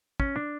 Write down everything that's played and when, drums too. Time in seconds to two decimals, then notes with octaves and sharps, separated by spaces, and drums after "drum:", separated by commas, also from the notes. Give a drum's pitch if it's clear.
0.20 C#4, drum: kick
0.36 D4